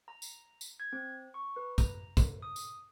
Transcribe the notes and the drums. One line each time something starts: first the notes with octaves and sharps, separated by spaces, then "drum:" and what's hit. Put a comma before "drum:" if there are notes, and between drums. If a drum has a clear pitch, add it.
A#5
drum: tambourine
drum: tambourine
G#6
C4
C#6
B4
A#5, drum: kick, tambourine
drum: kick, tambourine
D#6
drum: tambourine